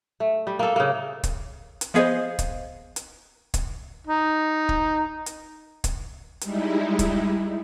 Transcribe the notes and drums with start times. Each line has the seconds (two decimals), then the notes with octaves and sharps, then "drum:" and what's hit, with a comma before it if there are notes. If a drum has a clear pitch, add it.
0.20 A3
0.47 G3
0.59 A#3 A4
0.76 C#3 A#3
1.23 drum: kick, hi-hat
1.81 drum: hi-hat
1.94 F3 B3 G#4 C5 D#5 F5
2.39 drum: kick, hi-hat
2.96 drum: hi-hat
3.54 drum: kick, hi-hat
4.07 D#4
4.69 drum: kick
5.26 drum: hi-hat
5.84 drum: kick, hi-hat
6.41 G3 G#3 D#4 E4, drum: hi-hat
6.99 drum: kick, hi-hat